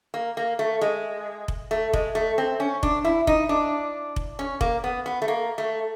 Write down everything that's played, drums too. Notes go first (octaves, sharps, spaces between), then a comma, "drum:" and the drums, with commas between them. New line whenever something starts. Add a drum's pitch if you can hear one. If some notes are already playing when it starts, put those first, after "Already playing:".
A#3
A#3
A3
G#3
drum: kick F1
A3
G#3, drum: kick F1
A3
C4
C#4
D4, drum: kick F1
E4
D#4, drum: kick F1
D4
drum: kick F1
C#4
A#3, drum: kick F1
B3
B3
A3
A#3
A3